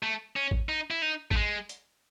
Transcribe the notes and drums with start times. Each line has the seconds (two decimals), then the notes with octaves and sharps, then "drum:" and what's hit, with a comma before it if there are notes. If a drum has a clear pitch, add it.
0.03 A3
0.36 C#4
0.51 drum: kick G#1
0.69 D#4
0.91 E4
1.02 D#4
1.31 A3, drum: kick G#1
1.36 G#3
1.69 drum: hi-hat